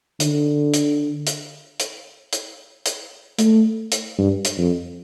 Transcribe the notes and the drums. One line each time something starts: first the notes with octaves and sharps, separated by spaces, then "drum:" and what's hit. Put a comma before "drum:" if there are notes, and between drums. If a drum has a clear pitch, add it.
D3, drum: hi-hat
drum: hi-hat
drum: hi-hat
drum: hi-hat
drum: hi-hat
drum: hi-hat
A3, drum: hi-hat
drum: hi-hat
G2
drum: hi-hat
F2